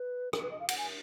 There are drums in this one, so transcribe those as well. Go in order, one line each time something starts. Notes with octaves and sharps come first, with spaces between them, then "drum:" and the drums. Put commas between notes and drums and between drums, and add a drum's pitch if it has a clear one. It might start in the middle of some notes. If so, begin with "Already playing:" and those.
Already playing: B4
A#4, drum: rim click
B4
D#5
F5
F#5, drum: cymbal
G#5